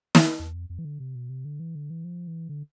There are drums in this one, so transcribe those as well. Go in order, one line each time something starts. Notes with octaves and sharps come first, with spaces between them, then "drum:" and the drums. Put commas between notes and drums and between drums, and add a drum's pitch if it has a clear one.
drum: snare
E2
F2
F2
E3
D3
C3
B2
C3
D3
E3
D3
E3
F3
E3
D3